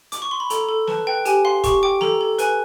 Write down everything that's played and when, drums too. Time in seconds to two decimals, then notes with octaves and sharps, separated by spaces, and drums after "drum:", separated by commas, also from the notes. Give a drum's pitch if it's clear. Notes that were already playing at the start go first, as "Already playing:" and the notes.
0.12 D6, drum: hi-hat
0.22 C#6
0.31 C6
0.40 B5
0.50 A4 A#5, drum: hi-hat
0.69 A4
0.87 B4 A5, drum: snare
1.07 B4 G5
1.25 G4 G#5, drum: hi-hat
1.45 F5 C6
1.64 G4 C#6, drum: kick, hi-hat
1.83 G5 D6
2.01 A4 A#5, drum: snare
2.21 A4
2.39 B4 G#5, drum: hi-hat